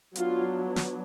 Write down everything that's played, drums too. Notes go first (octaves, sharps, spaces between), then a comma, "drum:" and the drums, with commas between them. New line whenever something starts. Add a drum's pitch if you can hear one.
F#3 B3 D4 F4, drum: hi-hat
drum: snare